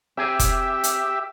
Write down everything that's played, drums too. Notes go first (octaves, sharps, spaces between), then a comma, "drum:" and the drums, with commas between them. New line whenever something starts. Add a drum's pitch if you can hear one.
C4 G4 G#4 E5
drum: kick F1, hi-hat
drum: hi-hat